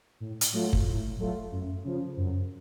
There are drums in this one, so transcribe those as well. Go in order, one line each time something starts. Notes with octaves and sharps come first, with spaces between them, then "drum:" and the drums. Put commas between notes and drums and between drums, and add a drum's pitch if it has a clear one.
A2
drum: hi-hat
F#3 A3 F4
drum: kick
A2
F#3 A3 F4
F#2
C#3 F3
F#2